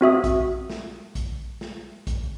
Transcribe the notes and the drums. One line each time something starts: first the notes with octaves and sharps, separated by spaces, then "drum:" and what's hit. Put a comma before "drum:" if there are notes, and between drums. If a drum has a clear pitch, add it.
C4 F#4 E5 D#6
drum: kick A#1, hi-hat
drum: snare
drum: kick A#1, hi-hat
drum: snare
drum: kick A#1, hi-hat